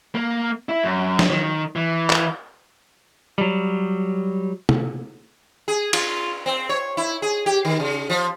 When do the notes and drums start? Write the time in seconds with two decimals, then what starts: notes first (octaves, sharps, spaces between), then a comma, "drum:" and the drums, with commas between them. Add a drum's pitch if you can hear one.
0.15 A#3
0.69 E4
0.83 F#2
1.19 drum: snare
1.30 D#3
1.76 E3
2.10 drum: clap
3.38 F#3 G3
4.69 drum: tom
5.68 G#4
5.93 F4, drum: cymbal
6.46 C4
6.69 C#5
6.97 E4
7.22 G#4
7.46 G4
7.65 D#3
7.80 C#3
8.09 F3